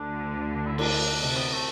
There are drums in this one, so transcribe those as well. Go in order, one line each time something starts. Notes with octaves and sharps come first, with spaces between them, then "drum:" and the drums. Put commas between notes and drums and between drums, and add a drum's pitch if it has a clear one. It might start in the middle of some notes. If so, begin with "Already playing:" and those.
Already playing: D2 D3 D4
D4
E4
D4, drum: cymbal
C3 D4
B3
A3